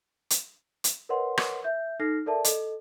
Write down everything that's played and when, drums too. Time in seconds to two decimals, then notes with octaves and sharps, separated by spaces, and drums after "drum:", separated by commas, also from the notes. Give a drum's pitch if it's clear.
0.30 drum: hi-hat
0.84 drum: hi-hat
1.09 A#4 B4 C#5 D#5 F#5 C6
1.37 drum: rim click
1.64 E5 G6
2.00 D#4 A4 F6 A#6 C7
2.26 A4 A#4 D5 E5 A5
2.44 A4 D#5, drum: hi-hat